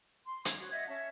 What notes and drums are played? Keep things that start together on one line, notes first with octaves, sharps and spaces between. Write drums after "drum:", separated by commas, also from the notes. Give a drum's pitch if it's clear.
C6
G#6, drum: hi-hat
F#4 C#5
D#5 E5 F#5 G#6
C#4 C#5 E5 A5